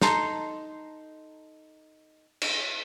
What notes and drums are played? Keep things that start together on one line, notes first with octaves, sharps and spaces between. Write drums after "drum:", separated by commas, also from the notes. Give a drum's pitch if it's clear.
D#4 A4 A#5 C6, drum: snare
drum: cymbal